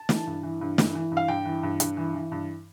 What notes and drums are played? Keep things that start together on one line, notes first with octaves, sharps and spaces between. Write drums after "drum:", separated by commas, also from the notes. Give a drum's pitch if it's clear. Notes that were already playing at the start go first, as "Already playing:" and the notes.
Already playing: A5
E3, drum: snare
G2
E3
G2
E3, drum: snare
E3
G2
F5
G2 G5
E3
G2
G2, drum: hi-hat
E3
E3
G2